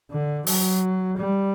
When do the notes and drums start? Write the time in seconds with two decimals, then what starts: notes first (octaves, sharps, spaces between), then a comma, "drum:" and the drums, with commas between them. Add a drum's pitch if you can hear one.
0.11 D3
0.47 F#3, drum: open hi-hat
1.17 G3